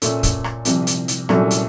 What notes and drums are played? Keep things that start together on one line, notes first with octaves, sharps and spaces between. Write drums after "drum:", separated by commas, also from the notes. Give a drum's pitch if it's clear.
A#2 A3 C#4 F4, drum: hi-hat
drum: kick, hi-hat
drum: rim click
C2 C3 F3, drum: hi-hat
drum: hi-hat
drum: hi-hat
C2 A#2 F#3 A3 C#4, drum: rim click
drum: hi-hat